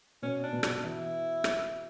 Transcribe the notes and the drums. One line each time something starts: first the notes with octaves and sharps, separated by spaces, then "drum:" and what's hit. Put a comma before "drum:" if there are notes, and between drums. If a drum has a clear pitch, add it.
B2 C#4
D4
B2
D4, drum: rim click
E3 E4
drum: rim click